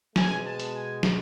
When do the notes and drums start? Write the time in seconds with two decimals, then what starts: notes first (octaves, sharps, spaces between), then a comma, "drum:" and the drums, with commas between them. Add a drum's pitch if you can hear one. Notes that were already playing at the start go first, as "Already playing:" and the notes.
0.16 B2 G#3 B3 G#5, drum: snare
0.44 A5
0.60 drum: hi-hat
0.74 G#5
1.03 drum: snare